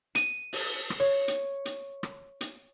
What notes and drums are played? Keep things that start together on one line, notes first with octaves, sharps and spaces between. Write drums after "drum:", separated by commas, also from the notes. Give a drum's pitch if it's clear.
D#7, drum: hi-hat
drum: open hi-hat
drum: rim click
C#5
drum: hi-hat
drum: hi-hat
drum: rim click
drum: hi-hat